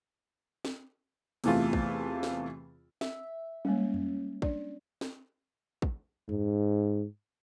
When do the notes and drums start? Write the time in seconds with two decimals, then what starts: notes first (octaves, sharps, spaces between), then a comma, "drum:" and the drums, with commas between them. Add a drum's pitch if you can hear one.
0.65 drum: snare
1.44 E2 C3 E3 A3 F4, drum: cymbal
1.73 drum: kick
2.23 drum: snare
3.01 E5, drum: snare
3.65 G3 G#3 A#3 C#4
3.94 drum: tom F2
4.42 D4 D5, drum: kick
5.01 drum: snare
5.82 drum: kick
6.29 G#2, drum: tom F2